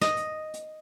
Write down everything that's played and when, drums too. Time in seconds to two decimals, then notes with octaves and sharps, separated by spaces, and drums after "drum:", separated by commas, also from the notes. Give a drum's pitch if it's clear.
0.01 D#5, drum: snare
0.17 drum: hi-hat
0.54 drum: hi-hat